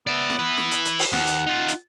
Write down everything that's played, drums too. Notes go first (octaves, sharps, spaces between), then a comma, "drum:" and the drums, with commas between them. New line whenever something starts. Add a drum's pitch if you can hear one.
B3 D5 E5
drum: snare
E4 B4
drum: snare
drum: hi-hat
drum: hi-hat
drum: open hi-hat
D#2 F#5, drum: snare
drum: hi-hat
D#4 F4
drum: hi-hat